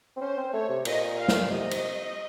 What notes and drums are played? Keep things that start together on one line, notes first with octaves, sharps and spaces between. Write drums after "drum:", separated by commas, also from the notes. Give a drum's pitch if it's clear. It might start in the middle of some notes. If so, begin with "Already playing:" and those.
C4
C#4 C5
C4
A3 C#5
C3
A#2 D#5, drum: cymbal
F5
drum: snare
C3 D#5
drum: cymbal